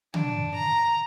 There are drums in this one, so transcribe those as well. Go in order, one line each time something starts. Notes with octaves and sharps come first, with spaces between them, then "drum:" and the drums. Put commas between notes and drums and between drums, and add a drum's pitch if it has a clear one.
D4, drum: tom
A#5